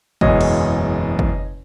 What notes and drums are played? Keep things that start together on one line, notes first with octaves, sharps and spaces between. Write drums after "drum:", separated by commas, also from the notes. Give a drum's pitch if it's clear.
F#1 E2 B2 G#3 C#5 D#5, drum: kick
drum: cymbal
drum: kick